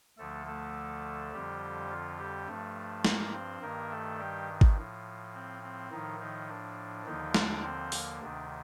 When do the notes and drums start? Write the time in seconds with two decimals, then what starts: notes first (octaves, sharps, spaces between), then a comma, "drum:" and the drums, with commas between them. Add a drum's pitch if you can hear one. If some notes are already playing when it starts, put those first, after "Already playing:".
0.18 D2 D3 F3 A3 A4
0.46 A3 A4
1.32 F2 D3 F3 G3 G4
1.90 F3 F4
2.18 G3 G4
2.47 G2 F3 A3 A4
3.05 A#3 A#4, drum: snare
3.33 C4 C5
3.62 G2 D#3 A#3 A#4
3.91 A3 A4
4.19 G3 G4
4.61 drum: kick G#1
4.76 A2 F3
5.34 C4
5.63 C4
5.91 A2 D#3 F3 D#4
6.20 D#3 D#4
6.49 D4
7.06 D#2 D3 D#3 F3 D#4
7.34 D4 D5, drum: snare
7.63 C4 C5
7.92 A#3 A#4, drum: open hi-hat
8.21 D2 C3 D#3 D4